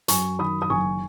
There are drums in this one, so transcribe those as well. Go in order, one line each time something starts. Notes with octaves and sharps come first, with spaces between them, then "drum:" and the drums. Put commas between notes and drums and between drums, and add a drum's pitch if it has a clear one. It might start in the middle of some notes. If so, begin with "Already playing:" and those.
F#2 G#5 C#6, drum: hi-hat
D#3 B5 D#6
D#6
F#1 G#5 C#6